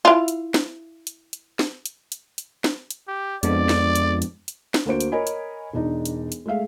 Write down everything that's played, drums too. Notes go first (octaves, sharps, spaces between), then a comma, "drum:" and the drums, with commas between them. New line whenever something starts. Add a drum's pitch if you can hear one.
E4 F4
drum: hi-hat
drum: snare
drum: hi-hat
drum: hi-hat
drum: snare
drum: hi-hat
drum: hi-hat
drum: hi-hat
drum: snare
drum: hi-hat
G4
F2 G#3 B3 D4 D5, drum: hi-hat
drum: snare
drum: hi-hat
drum: hi-hat
drum: hi-hat
drum: snare
D2 A#3 F#4 C5 D7
drum: hi-hat
A#4 C#5 D#5 G#5 B5
drum: hi-hat
E1 D4 D#4
drum: hi-hat
drum: hi-hat
G#3 A3 G#4 E5 F5